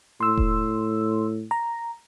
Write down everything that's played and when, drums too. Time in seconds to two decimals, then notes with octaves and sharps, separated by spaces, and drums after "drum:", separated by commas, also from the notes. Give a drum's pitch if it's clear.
0.21 A2 C6 E6
0.37 drum: kick E1
1.51 A#5